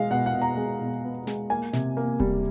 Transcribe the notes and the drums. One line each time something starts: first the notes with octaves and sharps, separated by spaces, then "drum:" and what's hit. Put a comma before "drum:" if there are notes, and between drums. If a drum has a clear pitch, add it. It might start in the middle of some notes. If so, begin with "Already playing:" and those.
Already playing: B2 G#3 F5
B2 F#5
F#5
B2
A#5
G#3
B2
B3
G#3, drum: snare
A#3 G#5
C3, drum: snare
A#3
G3, drum: kick D#1